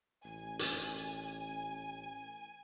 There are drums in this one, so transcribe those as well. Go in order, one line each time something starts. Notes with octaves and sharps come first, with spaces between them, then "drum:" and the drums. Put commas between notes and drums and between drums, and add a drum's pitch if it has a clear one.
A1 G#5
drum: hi-hat